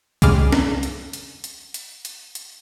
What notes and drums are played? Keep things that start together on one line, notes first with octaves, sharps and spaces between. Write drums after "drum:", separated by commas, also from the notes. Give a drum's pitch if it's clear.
C#3 G3 G#3 D6 F6, drum: kick, hi-hat
drum: snare C#4
drum: hi-hat
drum: hi-hat
drum: hi-hat
drum: hi-hat
drum: hi-hat
drum: hi-hat